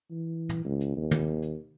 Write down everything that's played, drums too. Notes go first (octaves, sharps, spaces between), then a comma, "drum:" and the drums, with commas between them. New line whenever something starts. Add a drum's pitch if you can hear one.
E3
drum: tom
C#2
drum: hi-hat
D#2
drum: tom
drum: hi-hat